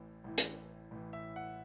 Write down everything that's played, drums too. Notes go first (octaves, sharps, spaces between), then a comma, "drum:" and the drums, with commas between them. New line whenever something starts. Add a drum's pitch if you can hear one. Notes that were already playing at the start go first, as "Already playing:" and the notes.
Already playing: A1 A2 E3
A1 A2 E3
drum: hi-hat
A1 A2 E3
E5
F#5